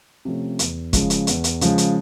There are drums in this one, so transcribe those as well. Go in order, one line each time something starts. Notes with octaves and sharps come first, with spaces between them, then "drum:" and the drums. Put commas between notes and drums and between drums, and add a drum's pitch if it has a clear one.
C3 F3 A3 C#4
E2, drum: hi-hat
C#3 F3 G#3, drum: kick, hi-hat
drum: hi-hat
E2, drum: hi-hat
drum: hi-hat
C#3 F3 G#3, drum: hi-hat
drum: hi-hat